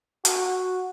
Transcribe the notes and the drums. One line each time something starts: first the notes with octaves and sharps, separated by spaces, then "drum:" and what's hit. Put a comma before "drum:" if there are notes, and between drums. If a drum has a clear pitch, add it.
F#4, drum: hi-hat